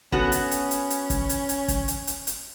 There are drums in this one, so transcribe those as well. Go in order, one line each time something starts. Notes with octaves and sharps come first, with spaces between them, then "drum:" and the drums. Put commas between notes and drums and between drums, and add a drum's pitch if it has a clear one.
B3 C#4 F#4 A4, drum: kick
drum: hi-hat
drum: hi-hat
drum: hi-hat
drum: hi-hat
drum: kick, hi-hat
drum: hi-hat
drum: hi-hat
drum: kick, hi-hat
drum: hi-hat
drum: hi-hat
drum: hi-hat